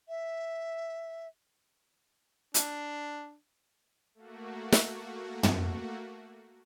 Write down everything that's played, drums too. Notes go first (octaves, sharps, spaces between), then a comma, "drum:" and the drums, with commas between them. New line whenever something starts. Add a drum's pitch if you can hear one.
E5
D4, drum: hi-hat
A3 A#3 F#4
drum: snare
drum: tom